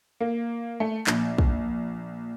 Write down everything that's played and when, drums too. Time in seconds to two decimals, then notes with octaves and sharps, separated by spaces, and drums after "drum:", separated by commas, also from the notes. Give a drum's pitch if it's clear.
0.20 A#3
0.80 A3
1.07 A#1, drum: clap
1.38 drum: kick